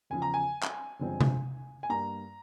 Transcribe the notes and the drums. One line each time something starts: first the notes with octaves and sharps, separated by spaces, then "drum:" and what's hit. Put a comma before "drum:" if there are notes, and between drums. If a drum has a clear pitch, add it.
E2 C#3 F3 G#5
A#5
G#5
drum: clap
G1 G2 F3 G#3 C4
drum: tom C3
G#5
G2 G3 A#3 A#5